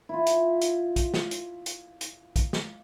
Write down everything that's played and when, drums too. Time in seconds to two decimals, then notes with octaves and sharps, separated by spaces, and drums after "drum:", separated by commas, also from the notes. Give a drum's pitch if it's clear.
0.09 E4 F4
0.27 drum: hi-hat
0.61 drum: hi-hat
0.96 drum: kick, hi-hat
1.14 drum: snare
1.31 drum: hi-hat
1.66 drum: hi-hat
2.01 drum: hi-hat
2.36 drum: kick, hi-hat
2.53 drum: snare